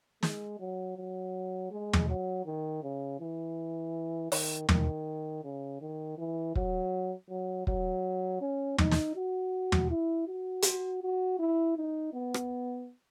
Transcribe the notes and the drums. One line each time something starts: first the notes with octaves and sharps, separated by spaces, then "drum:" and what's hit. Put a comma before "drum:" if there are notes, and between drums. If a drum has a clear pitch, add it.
G#3, drum: snare
F#3
F#3
G#3
drum: tom
F#3
D#3
C#3
E3
D#3, drum: open hi-hat
D#3, drum: tom
C#3
D#3
E3
F#3, drum: kick
F#3
F#3, drum: kick
C#4
D#4, drum: tom
drum: snare
F#4
drum: tom
E4
F#4
drum: hi-hat
F#4
E4
D#4
B3
drum: rim click